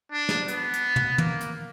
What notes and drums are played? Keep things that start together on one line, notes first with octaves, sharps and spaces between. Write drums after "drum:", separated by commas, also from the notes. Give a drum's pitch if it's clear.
D4
drum: snare
B3, drum: hi-hat
drum: hi-hat
drum: tom
A#3, drum: tom
drum: hi-hat